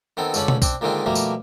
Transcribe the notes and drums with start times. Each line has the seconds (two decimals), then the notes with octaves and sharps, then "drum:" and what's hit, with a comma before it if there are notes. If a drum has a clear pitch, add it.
0.17 D#3 B3 C4 A4
0.34 C#2 D3 C#4 A4 B5, drum: tambourine
0.48 drum: tom B2
0.62 C4 D4, drum: kick B1, tambourine
0.81 A#2 D3 D#3 G#3 C4 F4
1.06 B2 F3 G3 A3 A#3
1.15 drum: tambourine